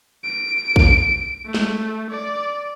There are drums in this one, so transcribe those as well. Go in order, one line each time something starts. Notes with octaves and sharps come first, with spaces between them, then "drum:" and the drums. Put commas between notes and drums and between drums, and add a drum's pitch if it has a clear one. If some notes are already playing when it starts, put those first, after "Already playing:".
D7
drum: kick A#1
A3
drum: snare
D5